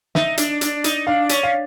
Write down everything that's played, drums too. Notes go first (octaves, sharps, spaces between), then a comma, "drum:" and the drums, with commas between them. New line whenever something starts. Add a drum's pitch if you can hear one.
D#4 E5, drum: snare
D4, drum: hi-hat
D4, drum: hi-hat
D#4, drum: hi-hat
D4 F5
C#4, drum: hi-hat
F5